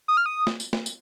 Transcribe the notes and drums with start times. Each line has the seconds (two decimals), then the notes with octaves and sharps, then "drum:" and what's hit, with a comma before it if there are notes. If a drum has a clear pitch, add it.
0.08 D#6
0.17 F6
0.26 D#6
0.47 drum: snare
0.60 drum: tambourine
0.73 drum: snare
0.86 drum: tambourine